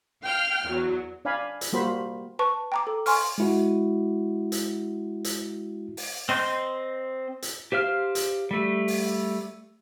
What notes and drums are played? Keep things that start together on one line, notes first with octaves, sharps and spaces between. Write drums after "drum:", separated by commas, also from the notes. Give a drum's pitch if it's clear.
F5 G5 F6
E2 F#3
D4 D5 F5 G#5 B5
drum: hi-hat
G3 A#3 F#4 C5 B5
B4 A5 C#6
G5 A#5 D6
A4
G#5 C6 C#6 F6, drum: open hi-hat
G#3 E4 F#4
drum: hi-hat
drum: hi-hat
drum: open hi-hat
C4 D#5 C6 G6
drum: hi-hat
G4 C5 F5 F6
drum: hi-hat
G3 A3
drum: open hi-hat